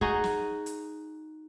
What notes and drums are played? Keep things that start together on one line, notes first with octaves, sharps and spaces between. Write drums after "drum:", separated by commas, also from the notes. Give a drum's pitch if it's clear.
D#4 F#4 G#4, drum: kick
drum: snare
drum: hi-hat